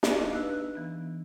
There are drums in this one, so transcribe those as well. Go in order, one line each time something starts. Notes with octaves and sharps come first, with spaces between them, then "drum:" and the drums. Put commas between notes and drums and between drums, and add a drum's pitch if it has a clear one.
drum: snare
D4 D#4 D#5 F5
B4 E6 F#6
E3 B3